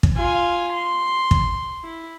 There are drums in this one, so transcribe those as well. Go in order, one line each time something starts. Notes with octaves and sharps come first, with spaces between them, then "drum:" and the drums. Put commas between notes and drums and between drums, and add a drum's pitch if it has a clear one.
drum: kick
F4 G#5
C6
drum: kick
E4